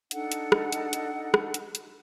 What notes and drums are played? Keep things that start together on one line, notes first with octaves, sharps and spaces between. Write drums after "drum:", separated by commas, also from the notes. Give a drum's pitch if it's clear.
D4 D#4 A4 F#5, drum: hi-hat
drum: hi-hat
drum: rim click
drum: hi-hat
drum: hi-hat
drum: rim click
drum: hi-hat
drum: hi-hat